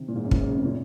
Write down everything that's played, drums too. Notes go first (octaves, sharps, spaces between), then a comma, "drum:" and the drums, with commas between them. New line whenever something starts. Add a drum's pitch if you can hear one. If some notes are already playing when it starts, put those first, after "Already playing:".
Already playing: C3 D#3
A#2
G#2
F#2
G#2, drum: kick
F#2
C#3
C3
A#2